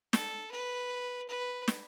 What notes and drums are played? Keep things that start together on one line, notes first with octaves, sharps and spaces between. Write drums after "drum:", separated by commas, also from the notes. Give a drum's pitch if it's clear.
A4, drum: snare
B4
B4
drum: snare